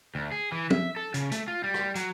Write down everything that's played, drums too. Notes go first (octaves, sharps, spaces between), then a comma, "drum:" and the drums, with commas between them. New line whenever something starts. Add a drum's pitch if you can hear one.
D2
G#4
E3
E5, drum: tom
A4
C#3, drum: hi-hat
A3, drum: hi-hat
F4
G3
drum: rim click
F#3, drum: hi-hat